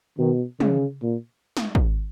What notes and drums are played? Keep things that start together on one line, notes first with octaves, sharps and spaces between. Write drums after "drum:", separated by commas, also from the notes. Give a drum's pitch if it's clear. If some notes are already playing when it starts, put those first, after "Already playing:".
B2 D#3
C#3, drum: tom
A#2
drum: snare
drum: kick